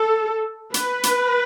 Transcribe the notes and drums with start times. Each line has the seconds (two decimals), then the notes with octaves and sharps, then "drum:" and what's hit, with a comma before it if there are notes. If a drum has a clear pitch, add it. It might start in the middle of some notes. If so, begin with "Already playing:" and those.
Already playing: A4
0.74 B4, drum: hi-hat
1.03 drum: hi-hat